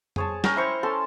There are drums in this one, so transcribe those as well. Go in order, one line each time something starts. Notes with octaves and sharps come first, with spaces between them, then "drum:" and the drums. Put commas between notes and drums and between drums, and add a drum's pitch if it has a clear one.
G#4 C#5 A5, drum: tom F2
C#4 A#4 G5, drum: snare
E4 C5 A#5 C#6
C#4 A4 A5 C6